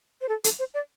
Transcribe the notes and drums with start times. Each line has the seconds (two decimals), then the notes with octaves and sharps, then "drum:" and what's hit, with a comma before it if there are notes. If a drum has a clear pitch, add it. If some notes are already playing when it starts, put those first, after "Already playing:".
0.21 C5
0.29 A4
0.44 A4, drum: hi-hat
0.59 C5
0.74 D5